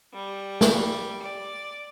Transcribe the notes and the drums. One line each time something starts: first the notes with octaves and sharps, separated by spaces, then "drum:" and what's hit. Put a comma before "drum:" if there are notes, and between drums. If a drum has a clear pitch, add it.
G3
drum: snare
D5